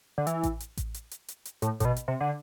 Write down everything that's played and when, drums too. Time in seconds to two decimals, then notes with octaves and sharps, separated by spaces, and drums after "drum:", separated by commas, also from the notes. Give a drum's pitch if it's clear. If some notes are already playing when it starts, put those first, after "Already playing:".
0.18 D3
0.27 E3, drum: hi-hat
0.43 drum: kick A1, hi-hat
0.60 drum: hi-hat
0.77 drum: kick A1, hi-hat
0.94 drum: hi-hat
1.11 drum: hi-hat
1.28 drum: hi-hat
1.45 drum: hi-hat
1.62 A2, drum: hi-hat
1.80 A2, drum: kick A1, hi-hat
1.85 B2
1.96 drum: hi-hat
2.08 C3
2.20 D3